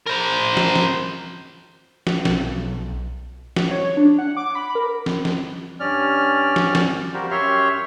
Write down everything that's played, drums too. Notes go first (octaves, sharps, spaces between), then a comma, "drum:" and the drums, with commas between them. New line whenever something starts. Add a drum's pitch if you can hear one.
A#4 C5
drum: snare
drum: snare
drum: snare
B1, drum: snare
drum: snare
C#5
D4
F#5
D6
B5
A#4
drum: snare
drum: snare
G2 C#4 D5 F6
drum: snare
drum: snare
G3 A#3 F#4 G4 A#4 C5
F#2 G4 C#5 E5 C6 F6